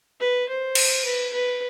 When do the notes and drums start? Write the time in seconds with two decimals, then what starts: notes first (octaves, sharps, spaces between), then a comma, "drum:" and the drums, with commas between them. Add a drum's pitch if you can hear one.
0.21 B4
0.49 C5
0.75 drum: cymbal
1.05 B4
1.34 B4